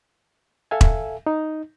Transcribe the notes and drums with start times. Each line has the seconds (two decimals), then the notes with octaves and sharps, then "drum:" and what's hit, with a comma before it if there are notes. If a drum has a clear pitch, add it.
0.71 A4 E5 F5 G#5
0.81 drum: kick E1
1.27 D#4